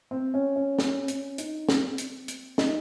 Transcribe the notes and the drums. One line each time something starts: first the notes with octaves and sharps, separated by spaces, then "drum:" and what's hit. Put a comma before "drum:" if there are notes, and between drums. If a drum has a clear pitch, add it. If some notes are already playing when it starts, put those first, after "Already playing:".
C4
C#4
C#4
C#4, drum: snare
C#4, drum: hi-hat
D#4, drum: hi-hat
C4, drum: snare
drum: hi-hat
drum: hi-hat
D#4, drum: snare